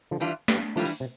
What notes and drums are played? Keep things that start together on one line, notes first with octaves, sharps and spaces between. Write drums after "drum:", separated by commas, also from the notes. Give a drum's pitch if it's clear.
D3 F3
E3 G3 D4 F4
G2 G3 B3, drum: snare
E3 F3 G3 A3 D4 F4
drum: open hi-hat
C3